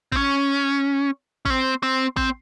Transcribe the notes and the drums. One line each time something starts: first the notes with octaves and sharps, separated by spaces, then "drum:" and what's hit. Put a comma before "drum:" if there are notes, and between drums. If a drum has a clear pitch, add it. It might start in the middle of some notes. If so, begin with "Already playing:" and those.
C4, drum: kick A1
C#4
C#4, drum: kick A1
C4
C4
C4, drum: kick A1